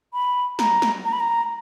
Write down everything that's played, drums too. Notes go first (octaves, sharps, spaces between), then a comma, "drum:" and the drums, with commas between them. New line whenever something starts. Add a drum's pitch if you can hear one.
B5
A#5, drum: snare
drum: snare
A#5
B5
A#5